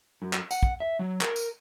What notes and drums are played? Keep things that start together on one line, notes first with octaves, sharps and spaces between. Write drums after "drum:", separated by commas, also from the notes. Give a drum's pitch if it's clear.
F#2
drum: clap
F#5, drum: tambourine
drum: kick
E5
F#3
A#4, drum: clap
drum: tambourine